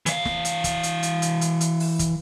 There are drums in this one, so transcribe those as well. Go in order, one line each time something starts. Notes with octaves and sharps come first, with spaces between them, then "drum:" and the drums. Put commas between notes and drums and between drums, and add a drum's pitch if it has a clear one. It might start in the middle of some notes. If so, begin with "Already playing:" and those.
E3 F5, drum: hi-hat
drum: snare
drum: hi-hat
drum: kick, hi-hat
drum: hi-hat
drum: hi-hat
drum: hi-hat
drum: hi-hat
drum: hi-hat
drum: open hi-hat
drum: kick, hi-hat